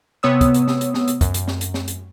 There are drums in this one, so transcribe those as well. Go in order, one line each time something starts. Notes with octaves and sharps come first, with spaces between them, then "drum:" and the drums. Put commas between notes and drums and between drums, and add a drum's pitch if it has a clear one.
C3 B3 C#5 D#6 E6
drum: kick, hi-hat
drum: hi-hat
drum: snare
drum: hi-hat
drum: snare
drum: hi-hat
F#2, drum: kick, hi-hat
drum: hi-hat
drum: snare
drum: hi-hat
drum: snare
drum: hi-hat